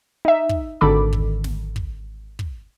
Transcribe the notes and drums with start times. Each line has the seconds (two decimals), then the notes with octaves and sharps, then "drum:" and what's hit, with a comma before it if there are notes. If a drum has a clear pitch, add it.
0.25 D#4 E5
0.49 drum: kick
0.81 G#1 D3 D#3 A4 B5 D6
1.13 drum: kick
1.44 drum: snare
1.76 drum: kick
2.39 drum: kick